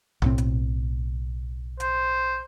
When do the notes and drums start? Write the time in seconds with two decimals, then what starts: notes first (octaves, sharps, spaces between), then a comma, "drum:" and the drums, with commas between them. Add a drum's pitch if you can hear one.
0.22 B1 A2 C4, drum: tom B2
0.38 drum: hi-hat
1.80 C5, drum: hi-hat